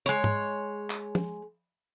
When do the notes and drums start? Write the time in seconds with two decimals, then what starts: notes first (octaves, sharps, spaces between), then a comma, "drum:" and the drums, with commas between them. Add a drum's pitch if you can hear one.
0.06 G#3 C#5
0.24 drum: tom
0.90 drum: clap
1.15 drum: tom